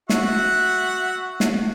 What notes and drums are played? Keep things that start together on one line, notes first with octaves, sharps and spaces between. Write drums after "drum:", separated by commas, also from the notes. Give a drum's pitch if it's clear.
F#4 E5 F#5, drum: snare
drum: snare